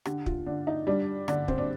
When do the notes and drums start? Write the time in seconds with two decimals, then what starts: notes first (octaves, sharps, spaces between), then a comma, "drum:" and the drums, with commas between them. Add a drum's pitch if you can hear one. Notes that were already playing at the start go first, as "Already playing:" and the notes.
0.05 D3 G4, drum: rim click
0.26 F4, drum: kick
0.46 D3 D4
0.67 D#4
0.87 G3 D4
1.28 D3 D4, drum: rim click
1.48 C4, drum: kick
1.58 D4